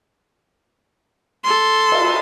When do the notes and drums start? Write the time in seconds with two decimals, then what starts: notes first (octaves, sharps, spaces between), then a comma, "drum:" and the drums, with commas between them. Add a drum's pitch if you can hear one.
1.44 A4 C6
1.92 drum: cymbal